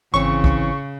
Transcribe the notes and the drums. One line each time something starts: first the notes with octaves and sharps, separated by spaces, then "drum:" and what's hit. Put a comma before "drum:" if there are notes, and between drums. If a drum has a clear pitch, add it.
G#1 C#3 E3 C4 C#5 C#6
drum: kick